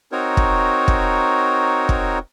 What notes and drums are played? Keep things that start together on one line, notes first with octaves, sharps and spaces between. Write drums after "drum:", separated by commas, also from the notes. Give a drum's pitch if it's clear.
C4 D#4 F#4 A#4 C#5
drum: kick
drum: kick
drum: kick